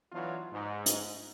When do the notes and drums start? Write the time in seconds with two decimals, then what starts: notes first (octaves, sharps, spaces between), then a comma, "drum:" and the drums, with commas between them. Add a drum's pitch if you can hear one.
0.12 E3 F#3 B3 D4 F4
0.52 G#2
0.86 drum: hi-hat